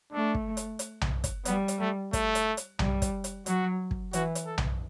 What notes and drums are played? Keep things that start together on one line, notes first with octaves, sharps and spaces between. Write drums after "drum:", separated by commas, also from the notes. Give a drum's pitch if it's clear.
A3 D4
drum: kick
drum: hi-hat
drum: hi-hat
drum: tom B1
drum: kick, hi-hat
G3 B3, drum: hi-hat
drum: hi-hat
A3
A3, drum: kick, hi-hat
drum: hi-hat
drum: hi-hat
G3, drum: tom B1
drum: kick, hi-hat
drum: hi-hat
F#3 F#4, drum: hi-hat
drum: kick
E3 F#4, drum: hi-hat
drum: hi-hat
A4
drum: tom B1